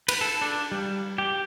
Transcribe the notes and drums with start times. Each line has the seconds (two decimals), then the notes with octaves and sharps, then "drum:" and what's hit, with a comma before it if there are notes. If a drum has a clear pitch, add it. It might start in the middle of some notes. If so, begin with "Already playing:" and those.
0.08 B4, drum: cymbal
0.21 A4
0.42 D4
0.72 G3
1.18 G4